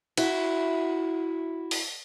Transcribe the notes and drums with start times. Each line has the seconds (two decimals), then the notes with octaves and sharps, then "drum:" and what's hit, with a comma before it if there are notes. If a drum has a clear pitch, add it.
0.17 E4 F#4, drum: cymbal
1.71 drum: open hi-hat